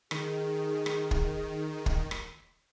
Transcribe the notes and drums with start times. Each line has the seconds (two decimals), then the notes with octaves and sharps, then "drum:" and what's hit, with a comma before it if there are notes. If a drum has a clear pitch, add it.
0.11 D#3 G#4, drum: rim click
0.86 drum: rim click
1.11 drum: kick
1.86 drum: kick
2.11 drum: rim click